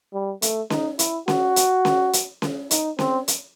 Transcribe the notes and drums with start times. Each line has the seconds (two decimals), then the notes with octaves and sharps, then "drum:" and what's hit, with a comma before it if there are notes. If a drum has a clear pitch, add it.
0.13 G3
0.42 A3, drum: hi-hat
0.70 D#4, drum: snare C#4
0.99 E4, drum: hi-hat
1.28 F#4, drum: snare C#4
1.56 drum: hi-hat
1.85 drum: snare C#4
2.13 drum: hi-hat
2.42 drum: snare C#4
2.71 D#4, drum: hi-hat
2.99 C4, drum: snare C#4
3.28 drum: hi-hat